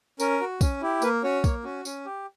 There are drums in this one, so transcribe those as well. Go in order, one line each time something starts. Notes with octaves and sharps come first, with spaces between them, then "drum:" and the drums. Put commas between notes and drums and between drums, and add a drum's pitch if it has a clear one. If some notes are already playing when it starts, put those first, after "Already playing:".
C#4 A#4, drum: tambourine
F#4
C#4, drum: kick, tambourine
E4 G4
A#3 B4, drum: tambourine
C#4 F#4 C#5
A#3, drum: kick, tambourine
C#4 F#4
C#4, drum: tambourine
G4